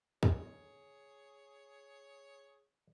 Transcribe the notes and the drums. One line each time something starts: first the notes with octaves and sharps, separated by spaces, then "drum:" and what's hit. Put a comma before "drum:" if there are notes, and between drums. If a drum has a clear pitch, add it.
D3 G#3 G#4 C#5, drum: kick